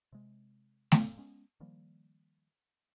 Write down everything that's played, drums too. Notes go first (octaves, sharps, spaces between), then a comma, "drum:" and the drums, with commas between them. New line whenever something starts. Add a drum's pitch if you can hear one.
C3 G#3
F1 A2 C#3, drum: snare A3
G#3 B3 C#4
D#3 F3 G3 A#3